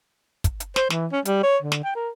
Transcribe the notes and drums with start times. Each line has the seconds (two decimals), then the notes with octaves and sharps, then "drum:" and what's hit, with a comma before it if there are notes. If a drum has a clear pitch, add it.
0.44 drum: kick, hi-hat
0.60 drum: hi-hat
0.76 C5, drum: snare
0.90 E3, drum: snare
1.12 C#4
1.25 G3, drum: hi-hat
1.43 C#5
1.62 D3
1.72 drum: snare
1.84 G5
1.95 A#4